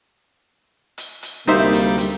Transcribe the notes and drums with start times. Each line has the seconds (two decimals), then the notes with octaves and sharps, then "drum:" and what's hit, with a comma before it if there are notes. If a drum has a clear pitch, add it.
0.98 drum: hi-hat
1.23 drum: hi-hat
1.48 D2 C3 G3 A#3 D#4 C5 E5
1.73 drum: hi-hat
1.97 drum: hi-hat